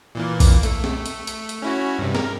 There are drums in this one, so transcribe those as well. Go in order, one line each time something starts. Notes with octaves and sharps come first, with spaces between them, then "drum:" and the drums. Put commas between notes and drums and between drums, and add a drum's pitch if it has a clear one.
A#2 E3 A#3
drum: kick, open hi-hat
A3, drum: hi-hat
drum: snare
drum: hi-hat
drum: hi-hat
drum: hi-hat
C#4 E4 F#4
G2 C3
A#4, drum: snare